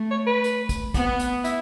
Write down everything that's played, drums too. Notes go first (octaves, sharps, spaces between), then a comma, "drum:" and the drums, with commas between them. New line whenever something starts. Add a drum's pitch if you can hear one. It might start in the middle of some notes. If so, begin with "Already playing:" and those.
Already playing: A3
C#5
B4
drum: hi-hat
drum: kick, hi-hat
B3, drum: kick, hi-hat
drum: hi-hat
E4, drum: hi-hat